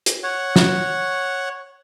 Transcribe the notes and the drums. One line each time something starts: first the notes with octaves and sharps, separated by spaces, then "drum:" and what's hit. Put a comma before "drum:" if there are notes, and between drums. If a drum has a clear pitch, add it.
drum: hi-hat
C#5 F#5
drum: snare